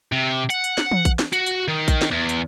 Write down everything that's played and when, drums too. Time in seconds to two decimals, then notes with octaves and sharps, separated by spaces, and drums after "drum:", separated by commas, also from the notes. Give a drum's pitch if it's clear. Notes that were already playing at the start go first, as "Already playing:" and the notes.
0.12 C3
0.50 F#5, drum: hi-hat
0.64 drum: hi-hat
0.78 drum: snare
0.91 drum: tom E3
1.05 drum: kick A#1, hi-hat
1.19 drum: snare
1.33 F#4, drum: hi-hat
1.46 drum: hi-hat
1.68 D#3
1.88 drum: kick A#1, hi-hat
2.02 drum: snare
2.11 E2
2.29 drum: hi-hat